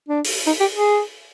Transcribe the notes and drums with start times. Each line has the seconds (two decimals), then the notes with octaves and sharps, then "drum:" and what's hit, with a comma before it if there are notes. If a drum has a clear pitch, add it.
0.09 D4
0.24 drum: open hi-hat
0.47 D#4
0.60 G4
0.73 G#4